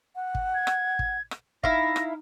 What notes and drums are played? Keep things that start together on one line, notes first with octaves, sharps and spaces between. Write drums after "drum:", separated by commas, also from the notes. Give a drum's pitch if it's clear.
F#5
drum: kick
G#6
drum: rim click
drum: kick
drum: rim click
D#4 E4 F5 A#6, drum: kick
drum: rim click